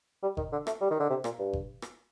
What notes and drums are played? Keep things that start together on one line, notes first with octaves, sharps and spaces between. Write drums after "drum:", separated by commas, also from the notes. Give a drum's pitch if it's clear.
G3
D#3, drum: kick G1
D3
A3, drum: rim click
G3
D#3
D3
C3
A#2, drum: rim click
G2
drum: kick G1
drum: rim click